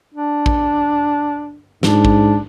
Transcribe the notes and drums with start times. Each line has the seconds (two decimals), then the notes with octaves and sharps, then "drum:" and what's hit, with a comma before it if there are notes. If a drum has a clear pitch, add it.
0.15 D4
0.46 drum: kick
1.83 G#2 D4, drum: snare
2.05 drum: kick